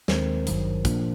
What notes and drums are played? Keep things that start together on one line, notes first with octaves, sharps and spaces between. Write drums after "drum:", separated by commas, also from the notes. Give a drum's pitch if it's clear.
D#2 D#3 G#3 C4 A#4 C5, drum: snare
G#1 G2 D#3 F#3, drum: hi-hat
A#2 F3 A#3 D4, drum: kick, hi-hat